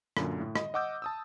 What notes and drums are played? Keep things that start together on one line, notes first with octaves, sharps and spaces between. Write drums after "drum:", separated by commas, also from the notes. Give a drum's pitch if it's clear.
F#2 A#2 D3, drum: rim click
A2
D#5, drum: rim click
D#5 F#5 D6 E6 G6
A5 D#6 E6